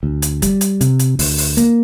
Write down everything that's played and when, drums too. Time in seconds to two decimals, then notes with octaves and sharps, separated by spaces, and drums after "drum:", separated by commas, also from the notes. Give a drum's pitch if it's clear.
0.03 D2
0.22 drum: hi-hat
0.42 G3, drum: kick, hi-hat
0.61 drum: hi-hat
0.81 C3, drum: hi-hat
0.99 drum: hi-hat
1.19 D2, drum: open hi-hat
1.38 drum: open hi-hat
1.57 A#3, drum: hi-hat